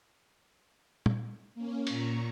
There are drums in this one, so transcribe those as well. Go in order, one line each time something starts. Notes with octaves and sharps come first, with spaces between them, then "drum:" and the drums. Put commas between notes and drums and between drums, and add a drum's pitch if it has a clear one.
drum: tom
A#3 C#4
A#2 A#5 C#6, drum: cymbal